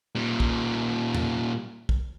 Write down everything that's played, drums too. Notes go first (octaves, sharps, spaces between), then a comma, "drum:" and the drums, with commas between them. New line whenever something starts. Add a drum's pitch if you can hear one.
A#2 G3
drum: kick
drum: tom
drum: kick